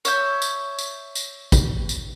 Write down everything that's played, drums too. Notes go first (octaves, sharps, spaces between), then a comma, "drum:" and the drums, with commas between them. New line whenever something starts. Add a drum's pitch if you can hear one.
C#5 E5 G6, drum: tambourine
drum: tambourine
drum: tambourine
drum: tambourine
drum: kick, tambourine
drum: tambourine